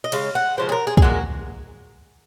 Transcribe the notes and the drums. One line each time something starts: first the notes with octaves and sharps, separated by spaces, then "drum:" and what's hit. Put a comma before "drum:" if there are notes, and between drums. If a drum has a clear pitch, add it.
D#5
C#3 G#3 F5, drum: cymbal
F#5
C#3 F3 G#3 C5
G#4
A#4
G#4
G#4, drum: kick
A#2 G#3 F#4